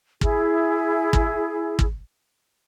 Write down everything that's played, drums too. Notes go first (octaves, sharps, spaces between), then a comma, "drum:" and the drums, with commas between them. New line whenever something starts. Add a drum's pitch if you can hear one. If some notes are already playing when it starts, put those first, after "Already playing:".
E4 G#4, drum: kick
drum: kick
drum: kick